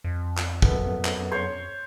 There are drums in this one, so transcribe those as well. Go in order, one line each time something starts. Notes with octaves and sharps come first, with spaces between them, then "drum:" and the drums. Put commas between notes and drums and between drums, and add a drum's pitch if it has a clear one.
F2
drum: clap
F#2 B3 A4, drum: kick
drum: clap
C5 C#5 C#6